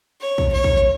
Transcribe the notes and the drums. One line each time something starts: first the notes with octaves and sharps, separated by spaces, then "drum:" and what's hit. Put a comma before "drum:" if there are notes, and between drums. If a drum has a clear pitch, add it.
C#5
drum: kick
C#5
drum: kick